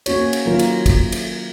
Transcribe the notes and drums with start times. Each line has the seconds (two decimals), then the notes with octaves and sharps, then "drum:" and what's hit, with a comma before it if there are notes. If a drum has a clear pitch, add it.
0.06 A#3 C#4 F#4 C#5, drum: cymbal
0.33 drum: cymbal
0.46 D#3 F#3 A#3 F4 A#4
0.59 drum: cymbal
0.86 drum: kick, cymbal
1.12 drum: cymbal